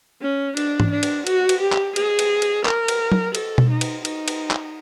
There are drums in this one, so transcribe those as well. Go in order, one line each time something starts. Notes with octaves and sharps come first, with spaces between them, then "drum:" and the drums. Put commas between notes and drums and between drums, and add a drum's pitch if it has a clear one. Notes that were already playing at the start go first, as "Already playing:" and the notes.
C#4
D4, drum: cymbal
drum: tom
D4
drum: cymbal
F#4, drum: cymbal
drum: cymbal
G4
drum: clap
G#4, drum: cymbal
drum: cymbal
drum: cymbal
A#4, drum: clap
drum: cymbal
drum: tom
A4, drum: cymbal
drum: tom B2
D#4
drum: cymbal
D#4, drum: cymbal
drum: cymbal
drum: clap